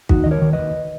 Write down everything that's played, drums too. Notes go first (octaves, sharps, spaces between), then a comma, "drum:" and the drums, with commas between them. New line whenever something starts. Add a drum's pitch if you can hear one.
D#2 D#4 F#4, drum: kick
D#3 D#5
A#4 C#5
D#3
B4 D#5
D#2